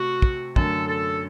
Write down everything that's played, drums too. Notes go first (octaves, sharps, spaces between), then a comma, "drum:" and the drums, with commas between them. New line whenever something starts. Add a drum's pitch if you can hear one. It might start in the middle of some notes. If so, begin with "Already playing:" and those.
Already playing: C3 A3 F#4
drum: kick
F#2 D3 A3 A4, drum: kick
A4